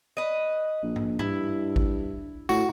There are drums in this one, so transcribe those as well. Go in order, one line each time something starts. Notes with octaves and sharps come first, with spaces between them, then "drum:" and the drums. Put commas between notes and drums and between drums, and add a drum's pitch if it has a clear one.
B4 D#5
A#1
drum: tom G#2
G2 E4, drum: tom G#2
drum: kick
A2 F#4, drum: tambourine